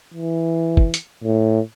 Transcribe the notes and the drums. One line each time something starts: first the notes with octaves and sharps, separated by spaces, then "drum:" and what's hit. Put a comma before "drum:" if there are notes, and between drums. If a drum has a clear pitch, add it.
E3
drum: kick
drum: hi-hat
A2